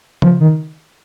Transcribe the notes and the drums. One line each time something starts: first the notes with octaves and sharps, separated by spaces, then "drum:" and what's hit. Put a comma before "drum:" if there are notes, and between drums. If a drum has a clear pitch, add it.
F3, drum: tom C#3
D#3